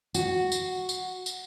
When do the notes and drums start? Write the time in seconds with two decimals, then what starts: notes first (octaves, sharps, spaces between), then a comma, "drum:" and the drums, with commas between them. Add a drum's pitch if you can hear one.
0.15 F#4, drum: tambourine
0.52 drum: tambourine
0.89 drum: tambourine
1.26 drum: tambourine